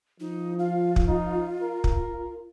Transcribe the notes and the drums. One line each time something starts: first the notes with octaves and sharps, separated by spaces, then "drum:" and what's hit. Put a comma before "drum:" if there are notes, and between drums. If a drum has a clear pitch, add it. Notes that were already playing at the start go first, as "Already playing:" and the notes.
F3 D#4
F4 F5
drum: kick
D#4
A#4
drum: kick